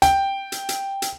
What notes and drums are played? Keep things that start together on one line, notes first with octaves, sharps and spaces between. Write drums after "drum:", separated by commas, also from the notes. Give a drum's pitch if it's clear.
G5, drum: hi-hat
drum: hi-hat
drum: hi-hat
drum: hi-hat